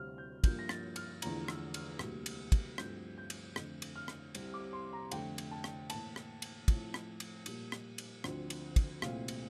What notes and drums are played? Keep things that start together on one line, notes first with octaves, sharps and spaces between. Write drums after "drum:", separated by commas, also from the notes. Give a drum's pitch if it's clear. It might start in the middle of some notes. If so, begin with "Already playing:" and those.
Already playing: D2 C3 G3 C4 F6
G6
G2 F3 A#3 G6, drum: kick, cymbal
A#6
A6, drum: rim click
F6, drum: cymbal
E2 D3 F3 A3 A#5, drum: cymbal
E6, drum: rim click
F6, drum: cymbal
D2 C3 G3 A#3, drum: rim click
drum: cymbal
drum: kick, cymbal
G2 F3 A3 C4 G6, drum: rim click
G6
drum: cymbal
F2 D3 A3, drum: rim click
drum: cymbal
F6
drum: rim click
C2 C3 G3 C4, drum: cymbal
D6
C6
A#5
F2 D3 A3 G5, drum: cymbal
drum: cymbal
A5
drum: rim click
A2 E3 A#3 A5, drum: cymbal
drum: rim click
drum: cymbal
A2 F3 A3 C4, drum: kick, cymbal
drum: rim click
drum: cymbal
A#2 G3 A#3, drum: cymbal
drum: rim click
drum: cymbal
D2 D3 F3 C4, drum: rim click
drum: cymbal
drum: kick, cymbal
C2 A#2 A3 C4 F5, drum: rim click
drum: cymbal